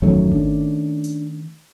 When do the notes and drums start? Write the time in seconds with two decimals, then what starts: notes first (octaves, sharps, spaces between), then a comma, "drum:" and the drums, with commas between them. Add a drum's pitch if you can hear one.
0.02 G1 F2 D#3 F#3 A3 C#4
0.32 D4, drum: kick G#1
1.04 drum: hi-hat